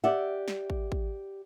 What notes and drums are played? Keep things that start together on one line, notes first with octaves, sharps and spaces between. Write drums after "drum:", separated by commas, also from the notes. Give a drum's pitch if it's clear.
G4 D5 E5 F#5
drum: snare
drum: kick
drum: kick